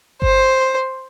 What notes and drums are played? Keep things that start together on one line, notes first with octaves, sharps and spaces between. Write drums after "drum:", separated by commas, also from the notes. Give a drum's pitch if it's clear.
C5, drum: kick G1